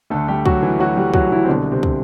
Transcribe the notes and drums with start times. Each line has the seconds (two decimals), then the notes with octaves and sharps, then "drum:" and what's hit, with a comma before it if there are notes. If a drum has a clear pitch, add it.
0.10 D2 D3 A3 A4
0.28 G3 G4
0.46 F#3 F#4, drum: kick
0.63 E3 E4
0.79 F#3 F#4
0.96 G3 G4
1.14 F#3 F#4, drum: kick
1.32 E3 E4
1.44 C4
1.48 C2 B2 D3 D4
1.72 C3 C4
1.83 drum: kick